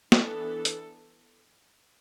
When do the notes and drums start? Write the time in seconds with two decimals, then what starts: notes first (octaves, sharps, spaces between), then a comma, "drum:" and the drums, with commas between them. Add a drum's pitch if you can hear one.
0.12 E3 B3 D4 A4, drum: snare
0.65 drum: hi-hat